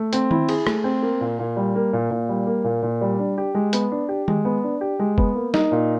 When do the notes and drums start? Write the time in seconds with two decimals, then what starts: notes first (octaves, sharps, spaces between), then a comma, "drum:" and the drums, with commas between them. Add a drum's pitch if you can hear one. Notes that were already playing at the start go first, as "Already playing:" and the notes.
Already playing: A3
0.13 C4, drum: hi-hat
0.31 E4, drum: tom D#3
0.49 G#4, drum: cymbal
0.67 A3, drum: rim click
0.84 C4
1.03 A#3
1.21 A#2
1.39 A#2
1.57 G3
1.75 A#3
1.93 A#2
2.11 A#2
2.29 G3
2.47 A#3
2.64 A#2
2.83 A#2
3.01 G3
3.19 D4
3.38 G4
3.55 G#3
3.73 B3, drum: hi-hat
3.92 D4
4.09 G4
4.28 G#3, drum: tom D#3
4.45 B3
4.64 D4
4.81 G4
4.99 G#3
5.18 B3, drum: kick
5.35 A#3
5.54 D#4, drum: snare
5.72 A#2